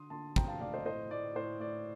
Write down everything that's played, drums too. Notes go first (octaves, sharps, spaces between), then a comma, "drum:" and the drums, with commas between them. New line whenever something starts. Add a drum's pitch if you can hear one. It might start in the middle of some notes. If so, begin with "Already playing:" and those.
Already playing: D3 C6 D#6
D3 A5 C6
C4 G5 A#5, drum: kick
F5 A5
A3 D5 F5
C5 D#5
A2 C5 D#5
A2 D5
A2 C5
A2 D5